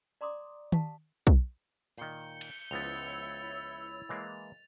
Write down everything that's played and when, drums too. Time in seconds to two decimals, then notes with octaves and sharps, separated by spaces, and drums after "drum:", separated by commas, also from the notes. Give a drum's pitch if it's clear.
0.21 D5 A#5 C6 D6 D#6
0.72 G4 F5 A5, drum: tom D#3
1.27 drum: kick
1.98 A#2 D#3 G6 C#7
2.41 drum: cymbal
2.71 C#2 F3 B3 E4 C#5 E6 A6 F7
4.09 E3 G#3 A#3